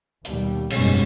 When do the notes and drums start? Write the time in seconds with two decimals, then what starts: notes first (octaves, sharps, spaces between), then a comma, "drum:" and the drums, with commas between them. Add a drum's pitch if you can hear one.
0.25 D#2 B2 G3, drum: hi-hat
0.70 F#1 G#2 B2 G3 G#3 C#4, drum: cymbal